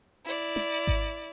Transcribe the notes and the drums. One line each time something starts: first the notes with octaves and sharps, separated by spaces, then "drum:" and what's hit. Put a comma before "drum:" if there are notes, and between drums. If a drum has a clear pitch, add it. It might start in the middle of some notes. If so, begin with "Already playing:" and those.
E4 D5
drum: snare
drum: kick G#1